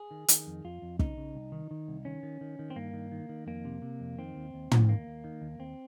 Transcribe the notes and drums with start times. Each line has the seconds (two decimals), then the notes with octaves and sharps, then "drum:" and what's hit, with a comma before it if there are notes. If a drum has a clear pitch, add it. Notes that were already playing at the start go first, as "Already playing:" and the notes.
Already playing: G#4
0.11 D#3
0.28 D#3, drum: hi-hat
0.47 F2
0.65 F2 F4
0.82 F2
0.99 C#3 D#4, drum: kick
1.17 C#3
1.35 C2
1.52 D#3
1.71 D#3
1.88 C2
2.05 D#3 C#4
2.23 D#3
2.41 D#3
2.59 D#3
2.70 C4
2.76 G2 A#3
2.94 D#3
3.11 D#3
3.29 D#3
3.47 F2 A#3
3.65 C3
3.82 C3
4.00 F2
4.18 D#3 C4
4.36 D#2
4.54 D#2
4.71 D#2, drum: tom
4.88 D#2 A#3
5.07 D#2
5.24 D#3
5.41 D#2
5.59 D#2 C4